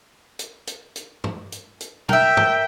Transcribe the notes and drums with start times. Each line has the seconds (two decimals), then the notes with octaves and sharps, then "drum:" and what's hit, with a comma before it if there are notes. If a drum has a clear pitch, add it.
0.39 drum: hi-hat
0.67 drum: hi-hat
0.96 drum: hi-hat
1.24 drum: tom
1.52 drum: hi-hat
1.81 drum: hi-hat
2.09 A#4 E5 G5, drum: tom
2.37 drum: tom